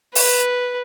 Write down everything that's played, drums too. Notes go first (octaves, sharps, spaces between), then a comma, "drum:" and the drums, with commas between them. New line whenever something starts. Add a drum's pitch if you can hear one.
B4, drum: open hi-hat